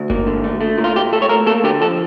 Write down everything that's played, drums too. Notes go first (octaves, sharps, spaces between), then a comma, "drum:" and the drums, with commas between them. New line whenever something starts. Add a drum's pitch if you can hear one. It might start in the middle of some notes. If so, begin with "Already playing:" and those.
Already playing: D2
A#3, drum: kick G1
D3
A3
A3
A#2
F4
A#2 G4
A3 A4
C#5
A3 A#4
A#3 A4
D3 G4
F3 A4